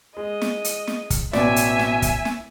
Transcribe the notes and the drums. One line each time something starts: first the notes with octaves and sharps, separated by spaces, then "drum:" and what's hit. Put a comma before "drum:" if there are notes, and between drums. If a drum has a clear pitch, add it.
G#3 D#5
drum: snare
drum: hi-hat
drum: snare
drum: kick, hi-hat
A1 B2 D5 E5 G#5, drum: snare
drum: hi-hat
drum: snare
drum: kick, hi-hat
drum: snare